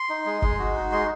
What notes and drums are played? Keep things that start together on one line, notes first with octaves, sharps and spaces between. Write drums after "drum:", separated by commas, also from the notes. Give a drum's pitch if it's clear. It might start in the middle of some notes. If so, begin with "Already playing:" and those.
Already playing: C6
D#4
G#3
G#3, drum: kick
F#4
D#4
G#3 C6